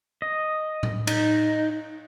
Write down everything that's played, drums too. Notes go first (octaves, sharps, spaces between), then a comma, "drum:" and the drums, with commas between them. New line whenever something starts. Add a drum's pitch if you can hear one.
D#5
drum: tom A2
D#4, drum: cymbal